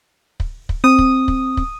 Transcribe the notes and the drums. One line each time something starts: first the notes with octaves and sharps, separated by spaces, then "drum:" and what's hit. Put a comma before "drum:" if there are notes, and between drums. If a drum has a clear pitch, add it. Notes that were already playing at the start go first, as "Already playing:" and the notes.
drum: kick
drum: kick
C4 D#6
drum: kick
drum: kick
drum: kick